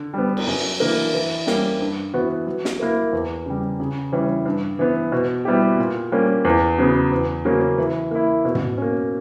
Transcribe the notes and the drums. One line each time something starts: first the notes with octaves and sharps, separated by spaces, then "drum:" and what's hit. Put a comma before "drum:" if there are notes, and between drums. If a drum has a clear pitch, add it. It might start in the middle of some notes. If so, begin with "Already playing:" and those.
Already playing: D3
G3 B3
drum: cymbal
F#2
E3 A#3 D4 A#4
E3
G3 A#3 C#4, drum: snare
G2
E3 B3 F#4
F#3
drum: snare
A#3 E4 A#4
E2
C#3 G3
C#3
E3 G3 C#4
G2
E3 B3
B2
G3 B3 E4 G4
A#2
G3 A#3 C#4
E2
C#3 F#3 B3
E2
C#3 F#3 A#3 C#4
E3
A#3 E4
B2
drum: tom
A#3 C#4